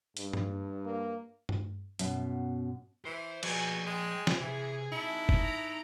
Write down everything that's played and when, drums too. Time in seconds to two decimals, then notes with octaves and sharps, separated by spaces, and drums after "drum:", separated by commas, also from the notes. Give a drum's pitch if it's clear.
0.17 G2, drum: hi-hat
0.33 drum: tom G2
0.85 A#3
1.49 drum: tom G2
1.99 F#2 B2, drum: hi-hat
3.05 E3 C5
3.43 B2 F3 G#4 G#5 A#5, drum: cymbal
3.86 G#3 G5 G#5
4.27 drum: snare
4.40 C3 E3 G#4
4.92 D#4 E4 A5
5.29 drum: kick F#1
5.39 A#5 D7